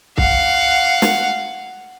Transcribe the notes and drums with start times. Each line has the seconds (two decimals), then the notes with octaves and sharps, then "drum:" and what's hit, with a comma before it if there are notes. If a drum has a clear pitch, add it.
0.18 F5 F#5, drum: kick C2
1.02 drum: snare